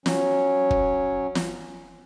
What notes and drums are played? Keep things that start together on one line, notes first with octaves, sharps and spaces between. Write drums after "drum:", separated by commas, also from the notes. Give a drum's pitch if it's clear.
F#3 C#4, drum: snare
drum: kick
drum: snare